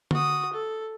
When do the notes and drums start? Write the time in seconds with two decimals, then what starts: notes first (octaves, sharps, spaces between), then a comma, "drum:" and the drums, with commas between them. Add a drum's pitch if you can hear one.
0.11 F#4 D#6, drum: tom D3
0.53 A4